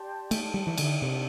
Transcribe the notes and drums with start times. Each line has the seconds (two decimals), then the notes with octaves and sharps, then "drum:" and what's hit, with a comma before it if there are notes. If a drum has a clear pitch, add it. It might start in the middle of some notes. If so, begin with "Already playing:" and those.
Already playing: G4 D5 A5 C6
0.31 A3, drum: cymbal
0.54 G3
0.67 E3
0.78 D3 D4 G4 E5, drum: cymbal
1.02 C3